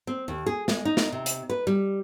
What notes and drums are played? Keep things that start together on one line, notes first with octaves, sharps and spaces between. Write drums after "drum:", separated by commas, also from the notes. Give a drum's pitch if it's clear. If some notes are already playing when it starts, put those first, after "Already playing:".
C4
D#2
G#4
G#3, drum: snare
D#4
drum: snare
C3
drum: hi-hat
B4
G3